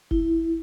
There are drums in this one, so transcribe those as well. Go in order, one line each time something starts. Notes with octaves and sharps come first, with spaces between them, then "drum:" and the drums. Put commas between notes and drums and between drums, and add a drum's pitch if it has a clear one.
E4, drum: kick